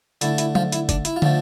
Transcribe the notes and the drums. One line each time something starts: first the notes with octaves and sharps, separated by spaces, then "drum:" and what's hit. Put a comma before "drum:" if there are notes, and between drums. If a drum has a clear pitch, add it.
D3 A3 E4, drum: hi-hat
E4, drum: hi-hat
F3 F4, drum: tom F#3
E4, drum: hi-hat
D4, drum: kick, hi-hat
E4, drum: hi-hat
F4
D3 F3 A3, drum: tom